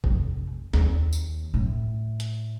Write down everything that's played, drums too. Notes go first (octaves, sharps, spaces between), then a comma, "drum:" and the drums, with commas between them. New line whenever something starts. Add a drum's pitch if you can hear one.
F1, drum: kick A1
D#2, drum: snare
drum: tambourine
A2
drum: hi-hat